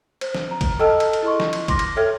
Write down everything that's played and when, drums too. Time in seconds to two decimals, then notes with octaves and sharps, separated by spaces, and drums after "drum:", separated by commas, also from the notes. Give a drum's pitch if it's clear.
0.21 C5, drum: cymbal
0.35 drum: snare
0.51 A#5
0.61 drum: kick, cymbal
0.79 A4 D#5 G5 A5 E6 F6
1.00 drum: cymbal
1.13 drum: cymbal
1.22 E4 G#4 D#5 C6 C#6
1.40 drum: snare
1.53 drum: cymbal
1.68 C6 D6 A#6, drum: kick, cymbal
1.79 drum: cymbal
1.96 A4 C#5 E5 G5 F6 G#6